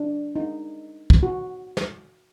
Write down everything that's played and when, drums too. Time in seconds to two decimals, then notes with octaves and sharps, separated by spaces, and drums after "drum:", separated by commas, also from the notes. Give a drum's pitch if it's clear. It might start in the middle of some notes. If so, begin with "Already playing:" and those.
Already playing: D4
0.36 D#4
1.10 drum: kick
1.23 F#4
1.77 drum: snare